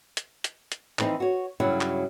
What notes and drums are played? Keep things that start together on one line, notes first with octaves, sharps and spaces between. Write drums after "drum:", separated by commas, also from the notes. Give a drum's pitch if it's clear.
drum: hi-hat
drum: hi-hat
drum: hi-hat
E3 F3 C4 D4 D#4, drum: clap
F#4 C#5
G2 C#3 F#3 E4
drum: clap